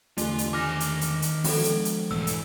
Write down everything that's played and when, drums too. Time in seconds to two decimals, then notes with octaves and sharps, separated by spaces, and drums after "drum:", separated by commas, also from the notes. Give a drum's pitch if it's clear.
0.18 E2 D3 A3 F4 G4, drum: hi-hat
0.38 drum: hi-hat
0.53 D#3 G#5 D6 F6 A#6
0.80 drum: hi-hat
1.01 drum: hi-hat
1.22 drum: hi-hat
1.44 F3 G#3 B3 D4 A4, drum: open hi-hat
1.64 drum: hi-hat
1.85 drum: hi-hat
2.11 B1 E2 G#2 A3 E6
2.27 drum: hi-hat